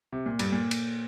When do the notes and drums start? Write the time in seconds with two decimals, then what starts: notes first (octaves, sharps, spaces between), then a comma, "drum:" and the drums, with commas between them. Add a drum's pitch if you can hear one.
0.13 C3
0.26 A#2
0.39 G2, drum: cymbal
0.52 A#2
0.71 drum: cymbal